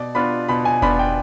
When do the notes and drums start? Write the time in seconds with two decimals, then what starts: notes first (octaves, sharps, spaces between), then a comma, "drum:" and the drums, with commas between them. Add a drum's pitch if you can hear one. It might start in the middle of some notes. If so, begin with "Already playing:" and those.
Already playing: B2 D5
0.15 B3 D4 F4 B5
0.49 B2 B5
0.65 G#5
0.82 B3 D4 F4 B5, drum: kick F1
0.99 G5